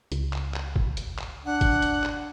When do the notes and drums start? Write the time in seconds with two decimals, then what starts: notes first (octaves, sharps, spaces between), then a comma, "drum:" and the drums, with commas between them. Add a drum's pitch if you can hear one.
0.12 C#2, drum: hi-hat
0.33 drum: clap
0.54 drum: clap
0.76 drum: kick
0.97 drum: hi-hat
1.18 drum: clap
1.46 D4 F#5
1.61 drum: kick, hi-hat
1.82 drum: hi-hat
2.04 drum: clap